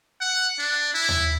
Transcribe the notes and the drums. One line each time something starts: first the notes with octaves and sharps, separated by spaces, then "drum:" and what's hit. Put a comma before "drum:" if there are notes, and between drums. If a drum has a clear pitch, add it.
F#5
D4
E4
drum: tom D#2